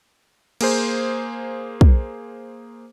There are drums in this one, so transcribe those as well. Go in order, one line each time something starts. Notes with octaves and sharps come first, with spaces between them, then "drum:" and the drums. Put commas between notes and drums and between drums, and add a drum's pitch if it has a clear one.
A#3 G#4 C5, drum: cymbal
drum: kick